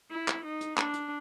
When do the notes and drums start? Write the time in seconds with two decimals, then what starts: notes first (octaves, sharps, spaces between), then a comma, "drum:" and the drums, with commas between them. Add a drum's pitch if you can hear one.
0.11 E4
0.28 drum: clap
0.45 D#4
0.61 drum: hi-hat
0.78 D4, drum: clap
0.94 drum: hi-hat